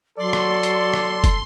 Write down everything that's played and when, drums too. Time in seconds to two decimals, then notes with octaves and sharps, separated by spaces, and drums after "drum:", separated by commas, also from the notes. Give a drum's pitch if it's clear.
0.18 F#3 A4 D5 C6
0.33 drum: rim click
0.63 drum: hi-hat
0.94 drum: rim click
1.24 drum: kick, hi-hat